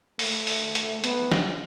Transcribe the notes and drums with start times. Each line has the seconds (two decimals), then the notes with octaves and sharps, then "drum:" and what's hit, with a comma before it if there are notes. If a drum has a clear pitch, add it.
0.19 A3, drum: open hi-hat
0.47 drum: open hi-hat
0.75 drum: hi-hat
1.04 B3, drum: hi-hat
1.32 drum: snare